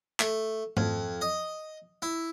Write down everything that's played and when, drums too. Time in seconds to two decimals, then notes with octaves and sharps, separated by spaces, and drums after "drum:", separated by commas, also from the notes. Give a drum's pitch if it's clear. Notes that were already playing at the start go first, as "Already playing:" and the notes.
0.20 A3, drum: clap
0.77 F2, drum: tom G#2
1.21 D#5
2.02 E4